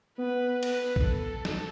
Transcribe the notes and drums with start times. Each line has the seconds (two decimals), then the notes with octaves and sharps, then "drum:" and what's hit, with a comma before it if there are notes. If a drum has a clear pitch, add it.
0.18 B3 B4
0.63 B4, drum: cymbal
0.96 drum: kick A#1
1.07 A4
1.45 drum: snare